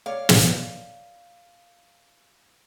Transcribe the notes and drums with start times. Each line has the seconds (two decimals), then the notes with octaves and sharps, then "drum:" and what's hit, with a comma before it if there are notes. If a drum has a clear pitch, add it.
0.06 C#5 D5 F5
0.29 drum: snare